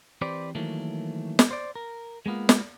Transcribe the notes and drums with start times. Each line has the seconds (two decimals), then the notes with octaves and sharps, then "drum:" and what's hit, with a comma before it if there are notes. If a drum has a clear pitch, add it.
0.21 E3 C4 G4 B4 C5 D5
0.55 D#3 E3 F#3 A3 A#3
1.39 drum: snare
1.51 C5 D5
1.76 A#4
2.26 G#3 A#3 B3 F4
2.49 drum: snare